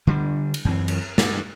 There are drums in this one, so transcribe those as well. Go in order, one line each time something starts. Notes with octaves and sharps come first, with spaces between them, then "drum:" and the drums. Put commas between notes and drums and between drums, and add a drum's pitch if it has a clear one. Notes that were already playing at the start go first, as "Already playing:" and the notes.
D3 G3 A#3 D4
drum: cymbal
F#2 E3 C4
drum: cymbal
G2, drum: snare